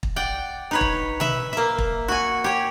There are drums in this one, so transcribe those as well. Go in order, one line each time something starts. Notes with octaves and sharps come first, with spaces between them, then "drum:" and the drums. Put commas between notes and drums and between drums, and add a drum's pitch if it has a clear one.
drum: kick
D5 F#5 G5
D#4 B4 C#5
drum: kick
B4 E5, drum: tom B2
A#3 E5
drum: kick
F#4 G#5
G4 C#5